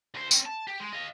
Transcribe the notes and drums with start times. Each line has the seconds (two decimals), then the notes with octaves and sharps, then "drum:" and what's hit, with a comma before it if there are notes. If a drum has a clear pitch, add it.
0.15 D2 C5
0.31 C4 C#4, drum: tambourine
0.45 A5
0.68 G4
0.80 G#3
0.93 D#5 F5